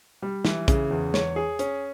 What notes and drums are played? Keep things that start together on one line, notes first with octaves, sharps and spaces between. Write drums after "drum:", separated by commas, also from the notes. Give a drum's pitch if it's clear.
G3
E3, drum: snare
C#3, drum: kick, hi-hat
E2
C#5, drum: snare
G#4
C#4, drum: hi-hat